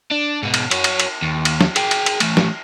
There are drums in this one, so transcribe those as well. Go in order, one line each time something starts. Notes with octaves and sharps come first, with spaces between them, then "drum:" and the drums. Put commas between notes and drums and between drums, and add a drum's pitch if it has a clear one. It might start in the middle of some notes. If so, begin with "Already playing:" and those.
D4
G#2 B2
drum: cymbal
C#4 F#4, drum: cymbal
drum: cymbal
drum: cymbal
D#2
drum: cymbal
drum: snare
G#4 G5, drum: cymbal
drum: cymbal
drum: cymbal
E3 A3, drum: cymbal
drum: snare